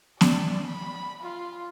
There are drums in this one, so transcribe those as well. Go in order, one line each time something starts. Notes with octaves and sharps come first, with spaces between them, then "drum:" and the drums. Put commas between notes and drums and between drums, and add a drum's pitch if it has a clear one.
D5, drum: snare B3
B5
F4